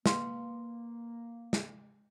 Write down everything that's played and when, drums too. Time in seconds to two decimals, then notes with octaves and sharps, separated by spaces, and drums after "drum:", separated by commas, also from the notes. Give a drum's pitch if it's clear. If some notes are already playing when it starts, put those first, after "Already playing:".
0.06 A#3 B4 F5 C6, drum: snare
1.53 drum: snare